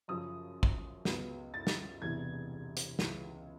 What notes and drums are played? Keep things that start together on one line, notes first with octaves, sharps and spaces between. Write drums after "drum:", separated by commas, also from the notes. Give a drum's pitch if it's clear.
F#2 C#3 F3 D#6
drum: kick
C#2 C#3 F#3 B3, drum: snare
A6
drum: snare
E1 E2 C3 E3 G#6
drum: hi-hat
C#2 C#3 E3, drum: snare